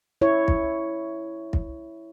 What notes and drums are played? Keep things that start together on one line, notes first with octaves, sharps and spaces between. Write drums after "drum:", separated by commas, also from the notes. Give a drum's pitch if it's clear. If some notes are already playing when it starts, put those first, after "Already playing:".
E4 C#5
drum: kick
drum: kick